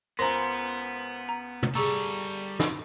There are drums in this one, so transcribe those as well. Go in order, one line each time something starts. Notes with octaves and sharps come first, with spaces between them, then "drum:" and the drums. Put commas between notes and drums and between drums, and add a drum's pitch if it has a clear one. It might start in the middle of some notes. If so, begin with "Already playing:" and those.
C#2 B3 A#4 C5 A#5 C6 A#6
A#5
drum: tom
G3 G#4 A4 A#5 C#6 E6
drum: snare